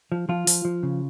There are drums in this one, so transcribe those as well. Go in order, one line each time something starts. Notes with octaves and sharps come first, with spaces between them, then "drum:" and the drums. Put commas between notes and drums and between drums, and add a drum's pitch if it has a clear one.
F3
F3 F4
F3, drum: open hi-hat
F3
C#3